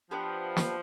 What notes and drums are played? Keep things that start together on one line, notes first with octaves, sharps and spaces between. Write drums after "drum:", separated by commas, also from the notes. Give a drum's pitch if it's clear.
F3 B3 D4 G4 B4
drum: snare